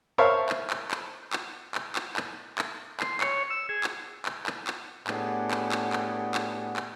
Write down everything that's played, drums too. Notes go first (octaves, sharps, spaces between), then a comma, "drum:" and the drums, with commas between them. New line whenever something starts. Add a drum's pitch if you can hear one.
A#4 C5 C#5 E5 F5 A5
drum: clap
drum: clap
drum: clap
drum: clap
drum: clap
drum: clap
drum: clap
drum: clap
C6, drum: clap
C#5, drum: clap
E6
G#4
drum: clap
drum: clap
drum: clap
drum: clap
A2 B3 D4 G4 G#4 F#5, drum: clap
drum: clap
drum: clap
drum: clap
drum: clap
drum: clap